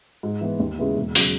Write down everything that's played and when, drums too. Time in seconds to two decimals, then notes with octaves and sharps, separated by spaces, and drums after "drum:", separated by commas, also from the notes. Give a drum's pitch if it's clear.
0.23 G#2
0.41 E3 B3
0.60 D#2
0.78 C#3 G#3 B3 E4
0.96 E1
1.15 C#3 F#3, drum: open hi-hat